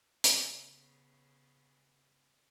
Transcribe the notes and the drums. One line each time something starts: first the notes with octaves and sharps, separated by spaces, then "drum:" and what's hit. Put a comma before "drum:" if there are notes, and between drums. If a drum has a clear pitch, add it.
C#3 B3, drum: hi-hat